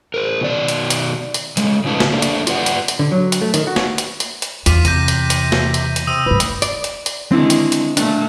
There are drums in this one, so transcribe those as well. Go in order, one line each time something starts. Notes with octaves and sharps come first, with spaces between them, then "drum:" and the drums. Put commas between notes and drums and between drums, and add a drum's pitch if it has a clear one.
A#4 C5
B2 D#3 D5
drum: hi-hat
drum: hi-hat
drum: hi-hat
C#3 G#3 A3, drum: hi-hat
C#3 C#4 D#4 F4 B4 A5
drum: snare
A3 A#3 D4
drum: hi-hat
F4 G4 B4 D5 F#5, drum: hi-hat
drum: hi-hat
drum: hi-hat
D3
F#3
drum: hi-hat
A3
D#3, drum: hi-hat
F#4
drum: snare
drum: hi-hat
drum: hi-hat
drum: hi-hat
E2 F4 D6 B6 D#7, drum: hi-hat
C3 G6 A#6 D#7, drum: hi-hat
drum: hi-hat
drum: hi-hat
drum: snare
drum: hi-hat
drum: hi-hat
C3 D#6 E6 D#7
D2 G2 B4
drum: hi-hat
D5, drum: hi-hat
drum: hi-hat
drum: hi-hat
D3 D#3 G#3 C4 E4
drum: hi-hat
drum: hi-hat
A#2 A3 D4, drum: hi-hat